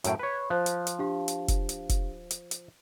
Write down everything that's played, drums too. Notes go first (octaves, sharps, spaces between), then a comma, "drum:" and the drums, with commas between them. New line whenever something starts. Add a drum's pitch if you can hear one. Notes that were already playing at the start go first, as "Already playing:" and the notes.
F#2 A2 G5, drum: hi-hat
B4 C#5
F3 C5 F#6
drum: hi-hat
drum: hi-hat
D4 G4 F5
drum: hi-hat
drum: kick, hi-hat
drum: hi-hat
drum: kick, hi-hat
drum: hi-hat
drum: hi-hat